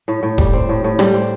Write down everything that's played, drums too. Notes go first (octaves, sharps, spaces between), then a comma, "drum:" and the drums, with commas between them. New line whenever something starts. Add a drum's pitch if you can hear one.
A2
A2
G3, drum: kick E1, hi-hat
C4
A2
A2
G3, drum: rim click
C4